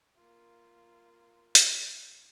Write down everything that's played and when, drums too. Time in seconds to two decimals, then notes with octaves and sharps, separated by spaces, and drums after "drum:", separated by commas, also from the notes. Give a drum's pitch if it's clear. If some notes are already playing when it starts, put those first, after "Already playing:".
0.17 A#3 F4
1.55 drum: hi-hat